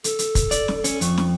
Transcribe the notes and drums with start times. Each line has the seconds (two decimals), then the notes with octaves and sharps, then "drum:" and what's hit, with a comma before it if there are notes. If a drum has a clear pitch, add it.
0.04 A4, drum: hi-hat
0.19 drum: hi-hat
0.35 drum: kick, hi-hat
0.51 D5, drum: hi-hat
0.68 drum: snare
0.84 C#4, drum: hi-hat
1.01 F2 C#6, drum: hi-hat
1.18 drum: snare